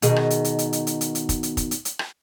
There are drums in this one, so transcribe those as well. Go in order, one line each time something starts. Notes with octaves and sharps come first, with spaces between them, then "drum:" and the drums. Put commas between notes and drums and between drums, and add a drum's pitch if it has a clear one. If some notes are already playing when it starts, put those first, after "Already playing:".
B2 D#3 G#4, drum: hi-hat
drum: rim click
drum: hi-hat
drum: hi-hat
drum: hi-hat
drum: hi-hat
drum: hi-hat
drum: hi-hat
drum: hi-hat
drum: kick, hi-hat
drum: hi-hat
drum: kick, hi-hat
drum: hi-hat
drum: hi-hat
drum: rim click